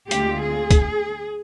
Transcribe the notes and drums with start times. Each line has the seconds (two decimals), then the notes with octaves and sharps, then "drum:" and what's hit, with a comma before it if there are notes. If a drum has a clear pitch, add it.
0.11 D2 D3 G#3 C4 F4 G4, drum: hi-hat
0.42 G#4
0.71 drum: kick, hi-hat